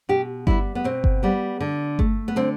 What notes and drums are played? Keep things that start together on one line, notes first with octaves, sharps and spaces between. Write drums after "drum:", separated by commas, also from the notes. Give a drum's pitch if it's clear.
B2 G4
G3 B3 E4, drum: kick G1
B3
B2 C4
drum: kick G1
G3 B3
D3
A3, drum: kick G1
B3
D3 C4